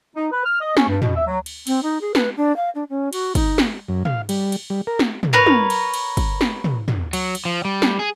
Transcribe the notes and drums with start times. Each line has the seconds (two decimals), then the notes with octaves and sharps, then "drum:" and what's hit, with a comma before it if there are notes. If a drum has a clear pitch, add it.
0.16 D#4
0.31 B4
0.45 F6
0.61 D#5
0.77 C#4, drum: snare
0.88 G2
1.02 B2, drum: tom
1.16 E5
1.27 F#3
1.46 drum: cymbal
1.67 C4, drum: cymbal
1.83 D#4
2.01 G#4
2.15 B4, drum: snare
2.37 D4
2.56 F5
2.75 D4
2.90 C#4
3.13 F#4, drum: cymbal
3.35 D#4, drum: kick, cymbal
3.58 drum: snare
3.88 F#2
4.05 F5, drum: tom
4.29 G3, drum: cymbal
4.52 drum: cymbal
4.70 G3
4.87 A#4
4.99 drum: snare
5.23 drum: tom
5.33 A#4 B4 C#5
5.47 drum: tom
5.70 drum: cymbal
5.94 drum: cymbal
6.17 drum: kick, cymbal
6.41 drum: snare
6.64 drum: tom
6.88 drum: tom
7.13 F#3, drum: cymbal
7.35 drum: cymbal
7.45 F3
7.65 G3
7.82 drum: snare
7.99 G#4